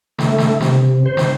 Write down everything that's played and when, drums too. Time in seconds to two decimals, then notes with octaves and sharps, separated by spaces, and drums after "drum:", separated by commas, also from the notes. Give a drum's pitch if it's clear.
0.19 A3, drum: snare
0.38 drum: snare
0.61 C3, drum: snare
1.06 C5
1.17 drum: snare